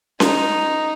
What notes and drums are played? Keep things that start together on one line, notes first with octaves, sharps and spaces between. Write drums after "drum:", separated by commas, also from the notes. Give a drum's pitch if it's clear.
D#4, drum: snare C#4